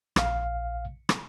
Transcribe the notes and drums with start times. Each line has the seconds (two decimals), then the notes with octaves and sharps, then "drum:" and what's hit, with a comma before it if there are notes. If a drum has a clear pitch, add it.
0.16 A#1 F5, drum: rim click
1.09 drum: rim click